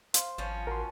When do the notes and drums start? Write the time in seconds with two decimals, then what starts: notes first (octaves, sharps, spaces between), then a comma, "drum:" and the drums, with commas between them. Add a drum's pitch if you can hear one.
0.14 C5 F5, drum: hi-hat
0.38 G#1 F3 B3 C#4
0.67 A1 F#4 A#4 C6